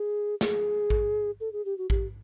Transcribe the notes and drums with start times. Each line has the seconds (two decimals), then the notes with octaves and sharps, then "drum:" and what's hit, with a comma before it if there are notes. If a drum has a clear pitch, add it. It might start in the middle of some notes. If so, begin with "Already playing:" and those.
Already playing: G#4
0.41 G#4, drum: snare
0.90 drum: kick A1
1.40 A4
1.52 G#4
1.65 G4
1.78 F#4
1.90 G4, drum: kick A1